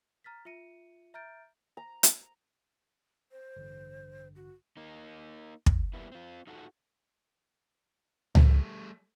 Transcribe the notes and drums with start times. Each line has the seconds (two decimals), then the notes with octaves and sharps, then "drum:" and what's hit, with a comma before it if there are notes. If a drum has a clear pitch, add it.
0.24 A#5 F6 A6 B6
0.45 F4 E5 C#7 D#7
1.14 E5 A#5 F6 G6 A6 D7
1.77 A#5
2.03 drum: hi-hat
3.32 C5
3.56 A1 G2 D3
4.36 F#4
4.77 A#3 D#4
5.66 drum: kick
5.94 G3 A#3 B3 E4
6.12 C4 F4
6.47 D#4 F4 F#4 A4
8.35 G3 A3, drum: tom C#2